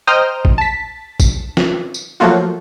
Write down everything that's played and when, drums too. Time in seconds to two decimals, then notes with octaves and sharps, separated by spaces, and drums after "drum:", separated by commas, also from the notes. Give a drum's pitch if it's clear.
0.07 C5 D#5 G5 A#5 F6
0.45 drum: kick
0.58 A5 B6
1.20 drum: kick, tambourine
1.57 drum: snare
1.94 drum: tambourine
2.20 F3 F#3 A3 A#3 F4 F#4